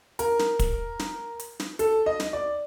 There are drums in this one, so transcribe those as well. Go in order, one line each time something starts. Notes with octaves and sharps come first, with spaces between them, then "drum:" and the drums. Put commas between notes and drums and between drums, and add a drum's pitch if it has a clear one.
A#4, drum: hi-hat
drum: snare
drum: kick, hi-hat
drum: snare
drum: hi-hat
drum: snare
A4, drum: hi-hat
D#5
drum: snare
D5